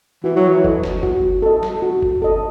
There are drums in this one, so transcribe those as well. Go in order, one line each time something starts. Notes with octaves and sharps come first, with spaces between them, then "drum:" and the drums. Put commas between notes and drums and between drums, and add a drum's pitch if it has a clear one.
E3 F#4
F#3
E3
A4 D#5, drum: kick F#1
drum: snare
F#4, drum: kick F#1
A4 D#5
drum: snare
F#4
drum: kick F#1
A4 D#5